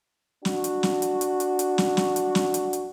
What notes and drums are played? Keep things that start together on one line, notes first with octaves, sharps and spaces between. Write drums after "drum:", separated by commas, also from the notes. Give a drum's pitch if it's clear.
D4 F#4, drum: snare
drum: hi-hat
drum: snare
drum: hi-hat
drum: hi-hat
drum: hi-hat
drum: hi-hat
drum: snare
drum: snare
drum: hi-hat
drum: snare
drum: hi-hat
drum: hi-hat